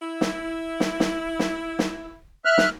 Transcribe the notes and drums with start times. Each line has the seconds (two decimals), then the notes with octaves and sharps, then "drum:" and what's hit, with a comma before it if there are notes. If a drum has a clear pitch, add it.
0.01 E4
0.21 drum: snare
0.80 drum: snare
1.00 drum: snare
1.39 drum: snare
1.79 drum: snare
2.45 E5 F6 F#6
2.58 drum: snare